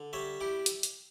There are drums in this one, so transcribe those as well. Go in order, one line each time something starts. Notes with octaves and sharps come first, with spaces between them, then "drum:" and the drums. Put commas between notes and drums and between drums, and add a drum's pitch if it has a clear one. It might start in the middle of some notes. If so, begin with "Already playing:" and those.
Already playing: D3
G3 C#5 E5
E4 G4
drum: hi-hat
drum: hi-hat